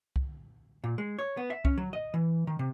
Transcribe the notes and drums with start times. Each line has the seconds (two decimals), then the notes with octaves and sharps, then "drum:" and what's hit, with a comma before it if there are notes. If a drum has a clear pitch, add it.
0.16 drum: kick C2
0.84 A#2
0.98 G#3
1.19 C#5
1.37 B3
1.50 E5
1.65 C#4, drum: kick C2
1.78 F#3
1.93 D#5
2.14 E3
2.47 D#3
2.59 C3